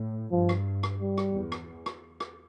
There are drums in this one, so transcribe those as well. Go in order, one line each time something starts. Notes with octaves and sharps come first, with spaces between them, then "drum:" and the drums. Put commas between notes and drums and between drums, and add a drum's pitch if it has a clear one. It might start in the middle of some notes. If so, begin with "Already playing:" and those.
Already playing: A2
G2 F3
drum: rim click
drum: rim click
G3
drum: rim click
E2
drum: rim click
drum: rim click
drum: rim click